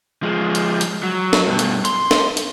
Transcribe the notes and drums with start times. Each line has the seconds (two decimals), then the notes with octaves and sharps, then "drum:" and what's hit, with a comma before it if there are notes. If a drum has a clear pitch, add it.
0.23 F3 G#3
0.55 drum: hi-hat
0.81 drum: hi-hat
1.03 F#3
1.33 drum: snare
1.46 G2 B2
1.59 drum: hi-hat
1.85 C6, drum: hi-hat
2.11 drum: snare
2.37 drum: hi-hat